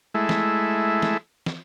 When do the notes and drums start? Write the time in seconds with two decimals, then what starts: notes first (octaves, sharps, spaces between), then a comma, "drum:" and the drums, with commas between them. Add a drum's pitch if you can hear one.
0.14 G#3 A3 E4
0.29 drum: snare
1.02 drum: snare
1.46 drum: snare